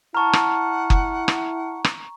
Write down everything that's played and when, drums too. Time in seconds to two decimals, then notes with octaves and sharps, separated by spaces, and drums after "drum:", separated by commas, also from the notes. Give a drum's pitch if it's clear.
0.15 E4 F#5 A5 A#5 C#6 F6
0.33 drum: rim click
0.90 drum: kick F#1
1.28 drum: rim click
1.84 drum: rim click